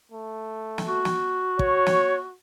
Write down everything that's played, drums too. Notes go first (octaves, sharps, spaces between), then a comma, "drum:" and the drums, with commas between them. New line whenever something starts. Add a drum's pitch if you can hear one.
A3
drum: snare
F#4
drum: snare
C#5, drum: kick
drum: snare